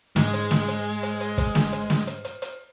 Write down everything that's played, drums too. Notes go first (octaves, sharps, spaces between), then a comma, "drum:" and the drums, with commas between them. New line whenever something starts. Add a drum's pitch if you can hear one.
G#2 G#3, drum: snare
drum: hi-hat
drum: snare
drum: hi-hat
drum: hi-hat
drum: hi-hat
drum: kick, hi-hat
drum: snare
drum: hi-hat
drum: snare
drum: hi-hat
drum: hi-hat
drum: hi-hat